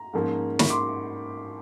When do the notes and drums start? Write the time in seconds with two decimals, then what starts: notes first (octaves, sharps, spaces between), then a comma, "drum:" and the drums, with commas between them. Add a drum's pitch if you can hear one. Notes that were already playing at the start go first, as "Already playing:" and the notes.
Already playing: A#5
0.13 G#2 F3 A#3 C#4
0.59 B5 C#6, drum: snare
0.70 C6 D6